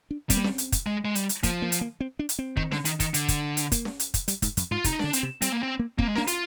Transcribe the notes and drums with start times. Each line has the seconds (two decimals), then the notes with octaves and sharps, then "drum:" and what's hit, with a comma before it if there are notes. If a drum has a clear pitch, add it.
0.11 D4
0.30 G3 C4, drum: kick, hi-hat
0.37 A#3
0.44 C4, drum: snare C#4
0.58 drum: hi-hat
0.72 drum: kick, hi-hat
0.87 G#3
1.05 G#3
1.15 G3, drum: hi-hat
1.29 drum: hi-hat
1.43 F3 A#3, drum: kick, hi-hat
1.62 A#3
1.72 drum: hi-hat
1.81 A#3
2.01 C4
2.19 D4
2.29 drum: hi-hat
2.39 C4
2.57 D#3, drum: kick
2.72 D3, drum: snare C#4
2.85 D#3, drum: hi-hat
3.00 D#3, drum: kick, hi-hat
3.14 D3, drum: hi-hat
3.28 drum: kick, hi-hat
3.57 drum: hi-hat
3.72 A#3, drum: kick, hi-hat
3.85 drum: snare C#4
4.00 drum: hi-hat
4.14 drum: kick, hi-hat
4.28 G3, drum: hi-hat
4.42 G#2, drum: kick, hi-hat
4.57 F2, drum: hi-hat
4.71 G#2 F4
4.84 C3 D#4, drum: kick, hi-hat
4.99 D3 D4, drum: snare C#4
5.13 C4, drum: hi-hat
5.23 C3
5.42 G3 C4, drum: hi-hat
5.52 A#3
5.63 C4
5.79 A#3
5.99 A#3 C4, drum: kick
6.07 G#3
6.16 A#3 D4, drum: snare C#4
6.27 F4, drum: hi-hat